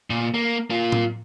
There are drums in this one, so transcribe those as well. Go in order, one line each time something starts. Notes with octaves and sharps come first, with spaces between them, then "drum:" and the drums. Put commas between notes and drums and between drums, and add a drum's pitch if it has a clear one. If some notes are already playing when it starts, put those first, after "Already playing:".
A#2
A#3
A#3 F4
drum: tom A2